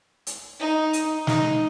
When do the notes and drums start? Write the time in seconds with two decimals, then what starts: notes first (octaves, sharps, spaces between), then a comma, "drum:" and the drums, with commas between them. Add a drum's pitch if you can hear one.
0.27 drum: hi-hat
0.60 D#4
0.93 drum: hi-hat
1.27 D#4, drum: snare